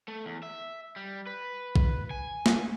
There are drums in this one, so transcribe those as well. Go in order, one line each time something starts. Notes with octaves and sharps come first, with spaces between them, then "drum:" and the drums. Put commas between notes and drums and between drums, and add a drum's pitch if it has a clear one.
A3
E2
E5
G3
B4
drum: kick
G#5
drum: snare